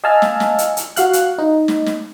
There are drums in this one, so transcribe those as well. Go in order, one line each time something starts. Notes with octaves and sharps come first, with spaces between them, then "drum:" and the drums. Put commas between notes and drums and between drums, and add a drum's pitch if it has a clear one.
D#5 F5 G#5 A5 E6 F6
drum: snare
drum: snare
drum: hi-hat
drum: hi-hat
F#4 F5 F#6, drum: hi-hat
drum: hi-hat
D#4
drum: snare
drum: snare